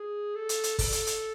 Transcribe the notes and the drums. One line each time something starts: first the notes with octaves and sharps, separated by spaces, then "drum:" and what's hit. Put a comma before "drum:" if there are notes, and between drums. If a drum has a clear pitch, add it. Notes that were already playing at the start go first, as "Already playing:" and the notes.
Already playing: G#4
A4
drum: hi-hat
drum: hi-hat
A4, drum: kick G1, open hi-hat
drum: hi-hat
drum: hi-hat